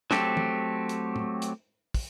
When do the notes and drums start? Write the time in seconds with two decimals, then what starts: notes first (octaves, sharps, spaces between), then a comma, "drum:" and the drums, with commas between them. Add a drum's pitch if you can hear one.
0.11 F#3 A3 C4 G4 A4, drum: snare
0.37 drum: tom
0.89 drum: hi-hat
1.16 drum: tom
1.42 drum: hi-hat
1.94 drum: kick, open hi-hat